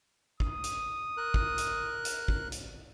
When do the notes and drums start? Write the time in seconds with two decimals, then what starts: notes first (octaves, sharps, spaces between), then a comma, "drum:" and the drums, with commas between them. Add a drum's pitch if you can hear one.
0.40 D#6, drum: kick
0.64 drum: hi-hat
1.17 A#4 F#6
1.34 drum: kick
1.58 drum: hi-hat
2.05 drum: hi-hat
2.28 drum: kick
2.52 drum: hi-hat